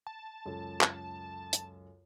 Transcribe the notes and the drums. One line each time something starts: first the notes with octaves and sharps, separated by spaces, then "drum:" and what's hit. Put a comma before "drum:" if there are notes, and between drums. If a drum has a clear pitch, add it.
A5
C#2 F#2 A4
drum: clap
drum: hi-hat